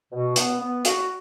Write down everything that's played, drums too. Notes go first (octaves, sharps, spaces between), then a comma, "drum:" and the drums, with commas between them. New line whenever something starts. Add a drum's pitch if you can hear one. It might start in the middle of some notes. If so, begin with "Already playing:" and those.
B2
B3, drum: hi-hat
B3
F#4, drum: hi-hat